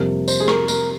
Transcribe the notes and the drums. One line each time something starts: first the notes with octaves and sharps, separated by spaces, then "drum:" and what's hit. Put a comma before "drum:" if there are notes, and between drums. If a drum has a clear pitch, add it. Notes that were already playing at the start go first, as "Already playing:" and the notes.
Already playing: F2 C3 G3 A#3
C5, drum: tambourine
G#4
A#4, drum: rim click
A#4, drum: tambourine